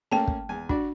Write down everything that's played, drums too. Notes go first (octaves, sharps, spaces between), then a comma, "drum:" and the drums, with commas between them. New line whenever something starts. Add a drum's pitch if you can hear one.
A3 A#3 C#4 G5 A5
drum: kick
E2 G#5
D4 F#4 D5, drum: kick